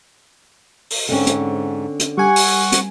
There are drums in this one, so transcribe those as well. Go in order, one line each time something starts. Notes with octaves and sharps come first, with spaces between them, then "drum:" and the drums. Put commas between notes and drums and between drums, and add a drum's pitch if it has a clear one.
drum: open hi-hat
G#2 D3 C4 C#4
drum: hi-hat
drum: hi-hat
G3 F#5 G#5 C#6
drum: open hi-hat
drum: hi-hat